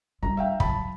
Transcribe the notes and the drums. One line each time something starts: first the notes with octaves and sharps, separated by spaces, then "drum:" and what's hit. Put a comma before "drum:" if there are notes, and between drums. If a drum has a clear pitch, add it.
G3 D4 A#5
E5 F5 G5
F#3 A5 B5, drum: kick